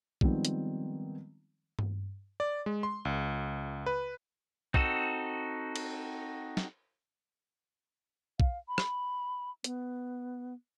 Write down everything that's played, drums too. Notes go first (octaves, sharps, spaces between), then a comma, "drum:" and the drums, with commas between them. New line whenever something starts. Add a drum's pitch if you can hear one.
D#3 F3 G3 G#3 B3 C4, drum: kick
drum: hi-hat
drum: tom G2
D5
G#3
C6
C#2
B4
C4 D#4 F#4 A4, drum: kick
drum: cymbal
drum: snare
F5, drum: kick
B5
drum: rim click
B3, drum: hi-hat